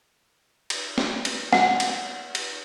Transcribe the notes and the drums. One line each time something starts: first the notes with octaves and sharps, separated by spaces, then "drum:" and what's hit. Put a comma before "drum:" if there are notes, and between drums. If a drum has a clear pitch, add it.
drum: cymbal
drum: snare
drum: cymbal
F#5, drum: snare
drum: cymbal
drum: cymbal